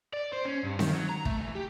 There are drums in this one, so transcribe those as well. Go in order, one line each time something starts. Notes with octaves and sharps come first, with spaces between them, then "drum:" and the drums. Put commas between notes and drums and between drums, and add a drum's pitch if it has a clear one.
D5
C5
C#4
G2
D#3, drum: snare C4
F#3
A#5
A3, drum: kick
E3
G4